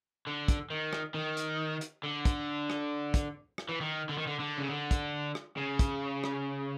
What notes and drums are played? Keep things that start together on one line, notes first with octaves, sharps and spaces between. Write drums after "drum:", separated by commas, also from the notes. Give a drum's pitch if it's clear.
D3
drum: kick, hi-hat
D#3
drum: rim click
D#3
drum: hi-hat
drum: hi-hat
D3
drum: kick, hi-hat
drum: rim click
drum: kick, hi-hat
drum: rim click
E3
D#3
D3
D#3
D3
D3
C#3
D3
drum: kick, hi-hat
drum: rim click
C#3
drum: kick, hi-hat
drum: rim click